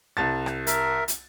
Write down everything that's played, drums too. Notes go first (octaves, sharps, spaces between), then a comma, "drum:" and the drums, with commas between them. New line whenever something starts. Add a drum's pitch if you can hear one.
C2 A5 A6
drum: rim click
A#4 E5, drum: hi-hat
drum: hi-hat